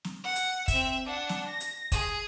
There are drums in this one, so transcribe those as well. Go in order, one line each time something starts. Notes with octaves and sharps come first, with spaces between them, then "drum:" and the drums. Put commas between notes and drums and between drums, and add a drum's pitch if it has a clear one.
drum: snare
F#5
drum: hi-hat
C4 E5, drum: kick, hi-hat
D4 F#5
drum: snare
A#6
drum: hi-hat
G#4, drum: kick, hi-hat